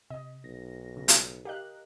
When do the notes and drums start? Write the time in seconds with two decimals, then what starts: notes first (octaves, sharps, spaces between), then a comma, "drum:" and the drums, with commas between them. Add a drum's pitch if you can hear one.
0.10 C3 D#5
0.44 B1 A#6
0.97 C#3
1.08 drum: hi-hat
1.45 G4 A#4 D#5 F5 F#6